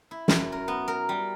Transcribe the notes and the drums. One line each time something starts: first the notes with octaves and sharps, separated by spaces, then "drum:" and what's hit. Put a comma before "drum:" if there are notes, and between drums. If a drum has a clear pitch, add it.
E4
F#2, drum: snare
A#4
B3
A#4
G3